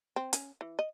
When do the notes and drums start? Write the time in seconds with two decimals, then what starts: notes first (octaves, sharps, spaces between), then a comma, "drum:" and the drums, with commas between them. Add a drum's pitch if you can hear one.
0.16 C4
0.33 C#4, drum: hi-hat
0.61 E3
0.79 D#5